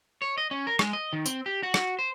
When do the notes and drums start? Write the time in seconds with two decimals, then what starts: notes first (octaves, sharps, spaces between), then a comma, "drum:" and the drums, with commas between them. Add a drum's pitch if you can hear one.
0.22 C#5
0.38 D#5
0.51 C#4
0.67 A#4
0.79 G#3, drum: rim click
0.93 D#5
1.13 D#3
1.26 C4, drum: tambourine
1.46 G4
1.63 F#4
1.74 drum: rim click
1.99 C5